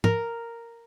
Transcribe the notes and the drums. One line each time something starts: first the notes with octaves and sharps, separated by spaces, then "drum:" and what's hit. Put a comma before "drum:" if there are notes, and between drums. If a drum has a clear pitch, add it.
A#4, drum: tom